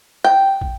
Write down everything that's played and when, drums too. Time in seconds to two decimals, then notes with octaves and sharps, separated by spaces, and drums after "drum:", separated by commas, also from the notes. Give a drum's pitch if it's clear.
0.24 G5
0.61 drum: kick